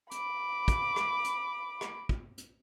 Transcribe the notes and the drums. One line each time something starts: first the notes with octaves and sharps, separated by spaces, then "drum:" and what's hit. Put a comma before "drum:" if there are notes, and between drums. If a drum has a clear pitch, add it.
B5 D6, drum: hi-hat
drum: kick, hi-hat
drum: rim click
drum: hi-hat
drum: rim click
drum: kick
drum: hi-hat